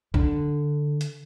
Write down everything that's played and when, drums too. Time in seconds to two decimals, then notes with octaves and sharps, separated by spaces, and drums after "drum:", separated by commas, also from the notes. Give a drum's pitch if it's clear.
0.14 D3, drum: kick B1
1.01 drum: hi-hat